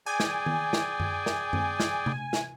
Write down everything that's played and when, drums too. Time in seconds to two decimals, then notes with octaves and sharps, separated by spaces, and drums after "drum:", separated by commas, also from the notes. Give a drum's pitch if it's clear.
0.06 G#4 D5 G5 G#5
0.20 drum: snare
0.46 drum: tom D#3
0.73 drum: snare
1.00 drum: tom F#2
1.26 drum: snare
1.53 drum: tom F#2
1.80 drum: snare
2.06 drum: tom C3
2.33 drum: snare